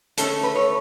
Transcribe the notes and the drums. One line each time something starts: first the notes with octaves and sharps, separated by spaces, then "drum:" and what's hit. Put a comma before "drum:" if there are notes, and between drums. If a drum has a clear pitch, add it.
D3 A3 C#4 A4, drum: hi-hat
B4
C#5